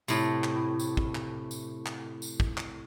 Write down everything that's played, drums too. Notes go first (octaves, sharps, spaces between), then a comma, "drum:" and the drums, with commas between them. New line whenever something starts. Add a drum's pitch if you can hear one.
A2 C3, drum: tambourine
drum: clap
drum: tambourine
drum: kick
drum: clap
drum: tambourine
drum: clap
drum: tambourine
drum: kick
drum: clap